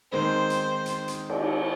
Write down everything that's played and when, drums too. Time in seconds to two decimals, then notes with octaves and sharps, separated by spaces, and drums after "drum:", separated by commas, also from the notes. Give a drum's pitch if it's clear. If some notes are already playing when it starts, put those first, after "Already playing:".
0.12 D#3 G#3 C4 D#4 C5
0.50 drum: hi-hat
0.86 drum: hi-hat
1.08 drum: hi-hat
1.30 drum: cymbal